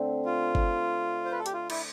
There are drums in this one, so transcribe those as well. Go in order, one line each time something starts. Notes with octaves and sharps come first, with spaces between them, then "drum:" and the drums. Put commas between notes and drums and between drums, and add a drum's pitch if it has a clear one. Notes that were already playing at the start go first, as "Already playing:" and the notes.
Already playing: D3 A3 C4
F4
drum: kick G1
C5
B4
A4
G4, drum: hi-hat
F4
E4, drum: cymbal